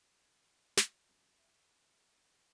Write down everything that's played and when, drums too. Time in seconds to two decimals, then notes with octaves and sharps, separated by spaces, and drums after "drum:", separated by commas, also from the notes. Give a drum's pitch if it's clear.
0.22 G#6
0.77 drum: snare
1.09 F#2
1.38 E5